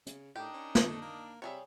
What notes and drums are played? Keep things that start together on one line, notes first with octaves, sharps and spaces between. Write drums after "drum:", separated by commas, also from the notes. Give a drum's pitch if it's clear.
C#3, drum: hi-hat
A2 D4 D#4 G4 A#4
C#4
drum: snare
A3
A#3
C3 G3 G#4 C#5 E5